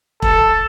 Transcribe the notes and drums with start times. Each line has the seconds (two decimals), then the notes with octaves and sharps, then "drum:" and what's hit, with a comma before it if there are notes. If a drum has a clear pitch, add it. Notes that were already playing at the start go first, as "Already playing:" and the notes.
0.22 A4, drum: kick E1